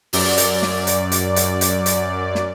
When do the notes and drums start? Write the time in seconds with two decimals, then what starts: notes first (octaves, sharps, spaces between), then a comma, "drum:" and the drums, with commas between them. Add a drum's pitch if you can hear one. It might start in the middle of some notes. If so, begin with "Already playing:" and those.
0.13 F#2 D5, drum: open hi-hat
0.37 drum: hi-hat
0.62 drum: snare
0.87 drum: hi-hat
1.12 drum: hi-hat
1.36 drum: hi-hat
1.61 drum: hi-hat
1.86 drum: hi-hat
2.35 drum: snare